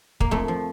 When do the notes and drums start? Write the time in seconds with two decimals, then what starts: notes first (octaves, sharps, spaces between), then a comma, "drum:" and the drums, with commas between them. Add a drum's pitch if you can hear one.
0.20 A#3, drum: kick
0.31 F2 A3
0.48 F3